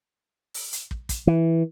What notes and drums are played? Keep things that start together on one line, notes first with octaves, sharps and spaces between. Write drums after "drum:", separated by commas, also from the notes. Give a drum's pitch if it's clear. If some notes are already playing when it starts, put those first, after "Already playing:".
drum: open hi-hat
drum: hi-hat
drum: kick
drum: kick, hi-hat
E3